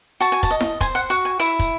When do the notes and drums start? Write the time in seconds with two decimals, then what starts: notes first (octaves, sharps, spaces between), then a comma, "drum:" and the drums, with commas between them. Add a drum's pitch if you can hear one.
0.20 F#4 A5, drum: hi-hat
0.32 G#5
0.43 A5, drum: kick, hi-hat
0.51 D#5
0.60 drum: snare E4
0.81 C5 G#5, drum: kick, hi-hat
0.95 F#5
1.10 F#4 F#5
1.25 G#5
1.40 E4 E5, drum: hi-hat
1.59 drum: kick, hi-hat